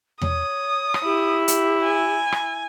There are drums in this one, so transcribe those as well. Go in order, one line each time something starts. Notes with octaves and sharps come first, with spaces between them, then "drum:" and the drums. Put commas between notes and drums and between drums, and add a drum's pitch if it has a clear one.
C#5 D#6, drum: tom E2
drum: rim click
E4 G4
drum: hi-hat
G#5
drum: rim click